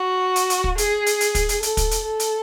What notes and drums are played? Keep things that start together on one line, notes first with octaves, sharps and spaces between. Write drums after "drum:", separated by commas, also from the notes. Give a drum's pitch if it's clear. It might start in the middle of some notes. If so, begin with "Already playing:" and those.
Already playing: F#4
drum: hi-hat
drum: hi-hat
drum: kick
G#4, drum: hi-hat
drum: hi-hat
drum: hi-hat
drum: kick, hi-hat
drum: hi-hat
A4, drum: hi-hat
drum: kick, hi-hat
drum: hi-hat
A4
drum: hi-hat